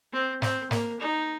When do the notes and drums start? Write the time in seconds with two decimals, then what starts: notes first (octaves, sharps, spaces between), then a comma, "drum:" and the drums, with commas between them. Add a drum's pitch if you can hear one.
0.13 C4
0.42 C4, drum: snare
0.71 A#3, drum: snare
1.00 D#4